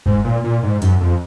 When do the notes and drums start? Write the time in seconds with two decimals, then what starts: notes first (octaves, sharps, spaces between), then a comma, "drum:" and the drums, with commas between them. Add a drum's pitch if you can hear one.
0.06 G#2, drum: kick F#1
0.24 A#2
0.44 A#2
0.63 G#2
0.82 F#2, drum: hi-hat
1.01 F2